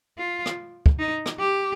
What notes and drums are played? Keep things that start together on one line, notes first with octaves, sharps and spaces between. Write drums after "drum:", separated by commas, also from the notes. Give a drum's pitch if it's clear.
F4
drum: rim click
drum: kick
D#4
drum: rim click
G4